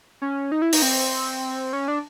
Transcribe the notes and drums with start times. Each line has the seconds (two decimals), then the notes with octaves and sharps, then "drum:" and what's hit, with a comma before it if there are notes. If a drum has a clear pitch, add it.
0.22 C#4
0.52 D#4
0.62 E4
0.73 D#4, drum: open hi-hat
0.82 C4
1.73 C#4
1.88 D4